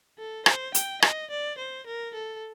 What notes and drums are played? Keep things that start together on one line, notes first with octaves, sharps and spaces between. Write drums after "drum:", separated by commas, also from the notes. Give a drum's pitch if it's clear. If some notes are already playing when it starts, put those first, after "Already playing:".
A4
C5, drum: rim click
G5, drum: hi-hat
D#5, drum: rim click
D5
C5
A#4
A4